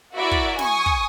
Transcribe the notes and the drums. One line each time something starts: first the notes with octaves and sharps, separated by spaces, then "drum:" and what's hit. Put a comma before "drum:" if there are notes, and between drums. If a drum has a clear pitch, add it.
E4 F#4 A#4 D5 E5
drum: kick
G#5 C#6 D#6, drum: snare
drum: kick